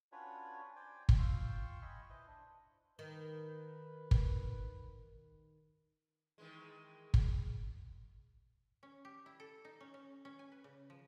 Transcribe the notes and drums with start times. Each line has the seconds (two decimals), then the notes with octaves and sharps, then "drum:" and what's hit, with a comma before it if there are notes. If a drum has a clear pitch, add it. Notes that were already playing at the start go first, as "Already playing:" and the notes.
0.12 C#4 D4 F4 F#4 B4 C#5
0.76 C5 D5 G5 G#5
1.09 drum: kick
1.18 F4 F5 G5 C6 C#6 E6
1.82 D#5 F5 G#5 B5 C#6
2.09 E4 B4 C5 D#5
2.27 D4
2.99 D#3 B4
4.11 drum: kick
6.38 D#3 E3 G#3
7.14 drum: kick
8.83 C#4
9.05 G4
9.26 E4
9.40 A4
9.65 D#4
9.80 C#4
9.94 C#4
10.25 C#4
10.39 G#5
10.52 B4
10.64 C#3
10.90 F3